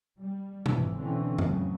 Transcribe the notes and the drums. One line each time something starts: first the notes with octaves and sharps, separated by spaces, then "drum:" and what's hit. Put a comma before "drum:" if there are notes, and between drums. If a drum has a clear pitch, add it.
G3
F1 G#2 E3 F3, drum: tom B2
B2 D3 E3 C4 C#4
F2 A2 C#3 F#3, drum: tom F#2